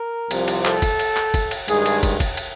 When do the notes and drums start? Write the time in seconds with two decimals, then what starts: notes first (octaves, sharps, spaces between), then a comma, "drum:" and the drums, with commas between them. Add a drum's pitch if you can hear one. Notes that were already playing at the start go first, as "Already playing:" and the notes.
Already playing: A#4
0.31 C2 C3 F3, drum: cymbal
0.48 drum: cymbal
0.66 A4, drum: clap
0.82 drum: kick, cymbal
0.99 drum: cymbal
1.17 drum: clap
1.34 drum: kick, cymbal
1.51 drum: cymbal
1.68 G2 D#3 G#3 G#4, drum: cymbal
1.86 drum: cymbal
2.03 drum: kick, cymbal
2.20 drum: kick, cymbal
2.37 drum: cymbal